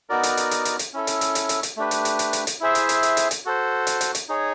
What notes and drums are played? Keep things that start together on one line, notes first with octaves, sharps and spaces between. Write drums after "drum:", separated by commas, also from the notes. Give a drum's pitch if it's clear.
B3 D#4 F#4 A#4 D5
drum: hi-hat
drum: hi-hat
drum: hi-hat
drum: hi-hat
drum: hi-hat
C#4 E4 A4
drum: hi-hat
drum: hi-hat
drum: hi-hat
drum: hi-hat
drum: hi-hat
A3 D4 G4 B4
drum: hi-hat
drum: hi-hat
drum: hi-hat
drum: hi-hat
drum: hi-hat
E4 G#4 C5 E5
drum: hi-hat
drum: hi-hat
drum: hi-hat
drum: hi-hat
drum: hi-hat
F#4 A4 C5
drum: hi-hat
drum: hi-hat
drum: hi-hat
D#4 G#4 C#5